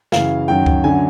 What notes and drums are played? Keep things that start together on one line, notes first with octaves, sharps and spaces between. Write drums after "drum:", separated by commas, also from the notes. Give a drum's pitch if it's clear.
F#2 C#3 E3 F5, drum: snare
F#2 D#3 F#3 G5
drum: kick C#2
F#2 D3 F#3 G#5